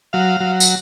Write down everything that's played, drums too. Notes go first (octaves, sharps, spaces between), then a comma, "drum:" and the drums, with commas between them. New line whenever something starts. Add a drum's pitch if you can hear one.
F#3 F5
F#3
drum: tambourine